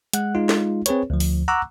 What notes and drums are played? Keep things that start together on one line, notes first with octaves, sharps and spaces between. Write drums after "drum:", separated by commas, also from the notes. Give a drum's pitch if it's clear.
G#3 F#5 F#6, drum: hi-hat
G#3 D#4 F4
drum: snare
C4 G#4 B4 C#5, drum: hi-hat
D2 F3
drum: open hi-hat
F#5 A#5 C#6 D6 E6 F#6